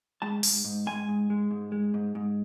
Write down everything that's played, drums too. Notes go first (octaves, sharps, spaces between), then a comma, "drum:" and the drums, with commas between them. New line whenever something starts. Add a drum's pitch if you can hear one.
G#3 A5
G#2, drum: open hi-hat
G#2
G#3 G#5
G#2
G#3
G#2
G#3
G#2
G#2